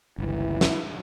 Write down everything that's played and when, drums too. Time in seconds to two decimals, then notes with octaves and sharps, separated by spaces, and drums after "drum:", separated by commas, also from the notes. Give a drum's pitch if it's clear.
0.18 G1 C#2 E3 E4
0.61 drum: snare